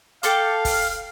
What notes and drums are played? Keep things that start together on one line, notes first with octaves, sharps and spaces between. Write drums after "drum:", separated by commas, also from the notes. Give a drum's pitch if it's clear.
A4 F5 G5 D6, drum: hi-hat
drum: kick, open hi-hat